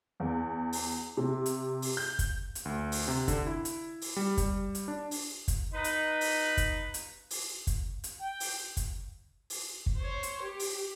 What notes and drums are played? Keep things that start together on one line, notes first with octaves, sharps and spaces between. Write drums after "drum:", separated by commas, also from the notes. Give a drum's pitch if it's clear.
E2
drum: open hi-hat
C3
drum: hi-hat
drum: open hi-hat
G6
drum: kick, hi-hat
drum: hi-hat
D2
drum: open hi-hat
C3
D3, drum: kick, hi-hat
E4
drum: hi-hat
drum: open hi-hat
G3
G3, drum: kick, hi-hat
drum: hi-hat
D4
drum: open hi-hat
drum: kick, hi-hat
D#4 B4
drum: hi-hat
drum: open hi-hat
drum: kick, hi-hat
drum: hi-hat
drum: open hi-hat
drum: kick, hi-hat
drum: hi-hat
G5
drum: open hi-hat
drum: kick, hi-hat
drum: open hi-hat
drum: kick
C5 C#5
drum: hi-hat
G4
drum: open hi-hat